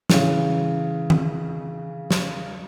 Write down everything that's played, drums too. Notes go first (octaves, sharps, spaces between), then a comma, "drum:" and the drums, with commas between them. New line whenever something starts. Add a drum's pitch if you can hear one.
C#3 E3, drum: snare
drum: tom D#3
drum: snare